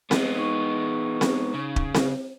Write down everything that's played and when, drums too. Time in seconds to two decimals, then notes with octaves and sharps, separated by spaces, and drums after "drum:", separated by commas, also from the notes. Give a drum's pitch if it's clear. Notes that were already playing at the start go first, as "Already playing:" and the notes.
0.11 G#3 B3, drum: snare C4
0.35 D#4 C#6
1.21 drum: snare C4
1.55 C#3
1.76 drum: kick
1.95 drum: snare C4